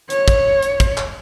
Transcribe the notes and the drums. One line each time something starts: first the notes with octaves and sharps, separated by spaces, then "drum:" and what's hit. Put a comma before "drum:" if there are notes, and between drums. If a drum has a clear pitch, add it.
C#5, drum: hi-hat
drum: kick, hi-hat
drum: hi-hat
drum: kick, hi-hat
drum: clap